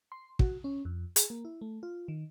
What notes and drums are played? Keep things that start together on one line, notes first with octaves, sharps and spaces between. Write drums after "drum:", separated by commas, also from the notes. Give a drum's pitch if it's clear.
C6
F#4, drum: kick
C#4
F2
G#4, drum: hi-hat
A#3
E4
A3
F4
D#3